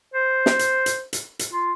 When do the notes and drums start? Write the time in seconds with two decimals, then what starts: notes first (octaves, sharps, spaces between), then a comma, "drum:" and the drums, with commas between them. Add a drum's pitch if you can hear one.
0.14 C5
0.46 drum: snare
0.59 drum: hi-hat
0.86 drum: hi-hat
1.13 drum: hi-hat
1.39 drum: hi-hat
1.53 F4